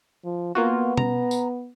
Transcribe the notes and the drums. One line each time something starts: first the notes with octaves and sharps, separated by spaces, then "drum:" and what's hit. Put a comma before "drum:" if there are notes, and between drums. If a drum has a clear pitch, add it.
F3
A#3 B3 F4 F#4
A#5, drum: tom B2
drum: tambourine